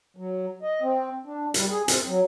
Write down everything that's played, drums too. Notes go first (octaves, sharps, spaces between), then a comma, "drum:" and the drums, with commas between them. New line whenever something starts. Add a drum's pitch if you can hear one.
F#3
D#5
C4
D4
G3, drum: hi-hat
G#4
C4, drum: hi-hat
F#3